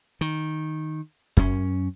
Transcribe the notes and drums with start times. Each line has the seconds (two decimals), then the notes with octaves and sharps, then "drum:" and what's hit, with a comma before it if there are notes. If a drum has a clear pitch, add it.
0.21 D#3
1.37 F#2 C#4, drum: kick